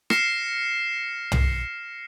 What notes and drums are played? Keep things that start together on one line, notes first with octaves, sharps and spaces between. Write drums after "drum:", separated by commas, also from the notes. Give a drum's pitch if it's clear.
F6 A#6 C7 C#7 E7, drum: rim click
drum: tom